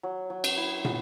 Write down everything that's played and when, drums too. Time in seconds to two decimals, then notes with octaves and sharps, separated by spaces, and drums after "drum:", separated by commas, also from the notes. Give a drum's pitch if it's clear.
0.03 F#3
0.30 F#3
0.44 drum: cymbal
0.57 E4
0.85 B3, drum: tom